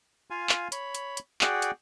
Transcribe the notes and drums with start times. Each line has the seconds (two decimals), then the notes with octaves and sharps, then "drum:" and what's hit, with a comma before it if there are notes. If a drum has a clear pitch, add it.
0.30 F4 F5 G#5
0.49 drum: clap
0.72 C#5 B5, drum: hi-hat
0.95 drum: hi-hat
1.17 drum: hi-hat
1.41 F#4 G#4 D5 F#5 G5, drum: clap
1.62 drum: hi-hat